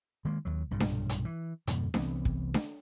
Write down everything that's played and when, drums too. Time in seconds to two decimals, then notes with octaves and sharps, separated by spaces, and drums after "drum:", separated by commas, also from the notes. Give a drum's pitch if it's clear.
0.25 D#3 G#3 A#3
0.45 D#2 F#3
0.71 B1 G2 A#2 C#3
0.80 drum: snare D4
1.09 drum: hi-hat
1.25 E3
1.67 F2 G#2 B2 D3, drum: hi-hat
1.94 C2 E3 B3 C4, drum: snare D4
2.25 drum: kick
2.54 drum: snare D4